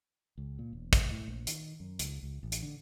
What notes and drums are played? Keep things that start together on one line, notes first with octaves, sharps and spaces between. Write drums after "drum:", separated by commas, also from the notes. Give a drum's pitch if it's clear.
C#2
A#2
E1
C2, drum: kick, hi-hat
A2
A#1
D#3, drum: hi-hat
F#2
C#2, drum: hi-hat
C#2
A1
drum: hi-hat
D3